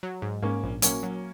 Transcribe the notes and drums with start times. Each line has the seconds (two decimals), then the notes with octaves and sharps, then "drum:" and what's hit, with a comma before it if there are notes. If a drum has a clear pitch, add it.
0.03 F#3
0.22 G#2
0.42 G#2 A#3 C#4
0.63 A#1
0.82 F#3 A#3 C#4, drum: hi-hat
1.03 F#3